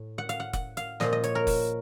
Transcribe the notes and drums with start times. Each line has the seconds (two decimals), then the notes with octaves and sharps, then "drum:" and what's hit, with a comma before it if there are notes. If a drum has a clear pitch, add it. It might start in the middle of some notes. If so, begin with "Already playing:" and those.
Already playing: A2
0.18 F#5
0.29 F5, drum: hi-hat
0.40 F#5
0.53 F#5, drum: kick F1, hi-hat
0.77 F5, drum: hi-hat
1.00 A#2 F3 D#5, drum: snare
1.13 D#5
1.24 C#5, drum: hi-hat
1.35 A#4
1.47 drum: kick F1, open hi-hat